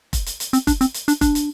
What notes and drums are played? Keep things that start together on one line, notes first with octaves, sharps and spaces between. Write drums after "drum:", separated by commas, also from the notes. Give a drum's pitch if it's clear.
drum: kick F1, hi-hat
drum: hi-hat
drum: hi-hat
C4, drum: hi-hat
D4, drum: kick F1, hi-hat
C4, drum: hi-hat
drum: hi-hat
D4, drum: hi-hat
D4, drum: kick F1, hi-hat
drum: hi-hat